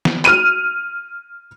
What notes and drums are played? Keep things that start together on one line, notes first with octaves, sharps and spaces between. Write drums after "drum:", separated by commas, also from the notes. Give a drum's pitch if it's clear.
drum: snare
F6 D#7, drum: clap